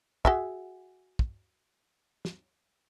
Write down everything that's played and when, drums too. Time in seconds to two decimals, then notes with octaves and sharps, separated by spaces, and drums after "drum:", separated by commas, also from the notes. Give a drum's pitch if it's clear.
0.25 F#4 G#4 E5, drum: kick
1.19 drum: kick
2.25 drum: snare